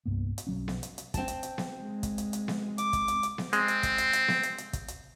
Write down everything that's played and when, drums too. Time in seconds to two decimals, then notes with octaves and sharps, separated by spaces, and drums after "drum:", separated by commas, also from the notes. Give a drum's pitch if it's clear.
0.06 C2 G2 A#3 B3
0.38 drum: hi-hat
0.47 B1 F#3 C#4
0.68 drum: snare B3
0.83 drum: hi-hat
0.98 drum: hi-hat
1.14 C4 A5, drum: kick, hi-hat
1.28 drum: hi-hat
1.43 drum: hi-hat
1.58 drum: snare B3
1.79 G#3
2.03 drum: kick, hi-hat
2.18 drum: hi-hat
2.33 drum: hi-hat
2.48 drum: snare B3
2.78 D6, drum: hi-hat
2.93 drum: kick, hi-hat
3.08 drum: hi-hat
3.23 drum: hi-hat
3.38 drum: snare B3
3.53 G#3 C4, drum: hi-hat
3.68 drum: hi-hat
3.83 drum: kick, hi-hat
3.98 drum: hi-hat
4.13 drum: hi-hat
4.28 drum: snare B3
4.43 drum: hi-hat
4.58 drum: hi-hat
4.73 drum: kick, hi-hat
4.88 drum: hi-hat